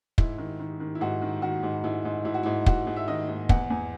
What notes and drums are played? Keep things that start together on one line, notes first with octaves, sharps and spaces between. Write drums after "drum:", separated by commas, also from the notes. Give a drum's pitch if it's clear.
G#2 E4, drum: kick
D#3
D#3
D#3
E4
G#2 F#4
D#3
D#3 F#4
G#2
G#2 E4
G#2
G#2 E4
F#4
G#2 E4
G#2 F#4, drum: kick
G#2
E5
D#3 D#5
G#2
E2 F#5, drum: kick
E2 G#5